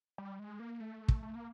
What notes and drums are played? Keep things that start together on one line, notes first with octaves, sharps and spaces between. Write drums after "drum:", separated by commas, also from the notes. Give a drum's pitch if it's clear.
G3
G#3
A#3
A3
drum: kick
A3
A#3